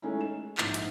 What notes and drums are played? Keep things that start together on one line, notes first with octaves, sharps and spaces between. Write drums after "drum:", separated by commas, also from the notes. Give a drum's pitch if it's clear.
G#3 A3 C#4 D#4 E4
E7
A#1 G#2, drum: clap
drum: hi-hat